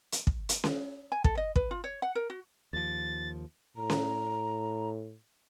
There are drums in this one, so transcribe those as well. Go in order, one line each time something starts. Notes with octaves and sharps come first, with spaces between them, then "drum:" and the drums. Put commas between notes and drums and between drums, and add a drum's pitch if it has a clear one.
drum: hi-hat
drum: kick
drum: hi-hat
drum: snare C#4
G#5
A4, drum: kick
D#5
B4, drum: kick
F4
C#5
F#5
A#4
F#4
D#2 F3 A6
A2 A#5
drum: snare C#4